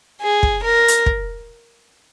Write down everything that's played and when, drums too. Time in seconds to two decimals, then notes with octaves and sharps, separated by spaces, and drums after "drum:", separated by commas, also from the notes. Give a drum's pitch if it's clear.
0.22 G#4
0.43 drum: kick
0.64 A#4
0.88 drum: hi-hat
1.06 drum: kick